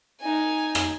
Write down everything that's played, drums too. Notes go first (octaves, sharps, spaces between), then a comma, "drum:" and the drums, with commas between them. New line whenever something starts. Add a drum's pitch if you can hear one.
D#4 G#5
drum: rim click